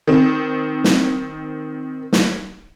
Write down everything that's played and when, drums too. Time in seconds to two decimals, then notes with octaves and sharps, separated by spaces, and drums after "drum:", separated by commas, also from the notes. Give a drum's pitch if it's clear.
0.07 D#3 C4
0.84 drum: snare
2.13 drum: snare